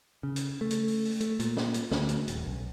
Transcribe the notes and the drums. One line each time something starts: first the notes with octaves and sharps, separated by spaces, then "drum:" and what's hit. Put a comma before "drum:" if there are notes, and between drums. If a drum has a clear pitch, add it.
C#3
drum: hi-hat
A3
drum: hi-hat
drum: open hi-hat
drum: open hi-hat
A3, drum: hi-hat
A#2, drum: hi-hat
drum: snare
drum: hi-hat
D2, drum: snare
drum: hi-hat
D#1, drum: hi-hat
B1